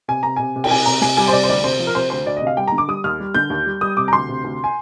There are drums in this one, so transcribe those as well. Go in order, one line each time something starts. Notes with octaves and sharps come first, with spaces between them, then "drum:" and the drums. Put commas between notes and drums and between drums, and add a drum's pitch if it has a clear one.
C3 G#5
C3 A#5
C3 G#5
C3
G5, drum: cymbal
C3 G#5
C3 A#5
C3 G#5, drum: snare
G3 G#5
C5
C3 D5
C5
D2 D5
C3 C5
F3
A#4
C3 C5
D2 C5
D2 D5
C3 D#5
F5
G3 G5
D3 A#5
D6
G3 D#6
D#2 F6
G3
D3 G6
D#2
G3
G3 D#6
C3 D6
A#5
D2 C6
C3
D2
G#5